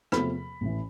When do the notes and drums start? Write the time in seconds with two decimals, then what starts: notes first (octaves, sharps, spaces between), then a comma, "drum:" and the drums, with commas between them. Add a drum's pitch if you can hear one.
0.12 E2 C3 F3 A3 C4 B5, drum: rim click
0.61 A1 A2 E3